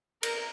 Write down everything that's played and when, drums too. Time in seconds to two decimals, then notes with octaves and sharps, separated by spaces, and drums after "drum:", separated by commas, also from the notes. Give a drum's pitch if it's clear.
0.23 A#4, drum: cymbal